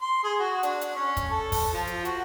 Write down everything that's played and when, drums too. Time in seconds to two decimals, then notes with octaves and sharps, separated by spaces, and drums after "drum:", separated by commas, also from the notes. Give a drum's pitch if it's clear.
0.01 C6
0.24 G#4
0.39 F#4
0.63 D4, drum: hi-hat
0.81 drum: hi-hat
0.95 C#4
1.17 drum: kick, hi-hat
1.30 A4
1.52 drum: kick, open hi-hat
1.73 F3
1.87 drum: hi-hat
2.05 F#4, drum: hi-hat